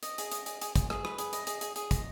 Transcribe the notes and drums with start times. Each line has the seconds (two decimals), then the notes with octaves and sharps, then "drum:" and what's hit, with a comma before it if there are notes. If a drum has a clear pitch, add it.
0.03 D#5, drum: hi-hat
0.18 G#4, drum: hi-hat
0.31 D#5, drum: hi-hat
0.46 G#4, drum: hi-hat
0.61 G#4, drum: hi-hat
0.76 G#4, drum: kick, hi-hat
0.90 G#4, drum: rim click
1.05 B4, drum: rim click
1.18 G#4, drum: hi-hat
1.33 D#5, drum: hi-hat
1.47 G#4, drum: hi-hat
1.61 G#4, drum: hi-hat
1.76 G#4, drum: hi-hat
1.91 D#5, drum: kick, hi-hat